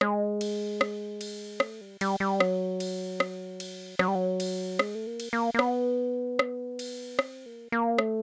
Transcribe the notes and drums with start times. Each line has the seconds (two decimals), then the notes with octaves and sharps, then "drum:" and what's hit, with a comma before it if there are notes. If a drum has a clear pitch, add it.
0.01 G#3, drum: rim click
0.41 drum: cymbal
0.81 drum: rim click
1.21 drum: cymbal
1.60 A3, drum: rim click
1.81 G3
2.01 G3, drum: cymbal
2.20 G3
2.40 F#3, drum: rim click
2.80 drum: cymbal
3.20 drum: rim click
3.60 drum: cymbal
3.99 F#3, drum: rim click
4.08 G3
4.15 F#3
4.40 drum: cymbal
4.79 G#3, drum: rim click
4.95 A3
5.07 A#3
5.20 drum: cymbal
5.33 A#3
5.54 A#3
5.59 B3, drum: rim click
6.39 drum: rim click
6.79 drum: cymbal
7.19 C4, drum: rim click
7.46 A#3
7.72 A#3
7.98 A3, drum: rim click